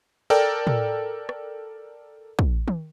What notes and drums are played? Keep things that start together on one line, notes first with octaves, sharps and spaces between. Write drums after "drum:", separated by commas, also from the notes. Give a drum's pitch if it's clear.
A4 A#4 D5 G5
drum: tom
drum: rim click
drum: kick
drum: tom D#3